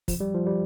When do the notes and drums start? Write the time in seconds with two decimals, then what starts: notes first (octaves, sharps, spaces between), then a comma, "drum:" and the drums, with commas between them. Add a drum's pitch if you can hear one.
0.08 F3, drum: kick, open hi-hat
0.20 G3
0.34 F3
0.46 G3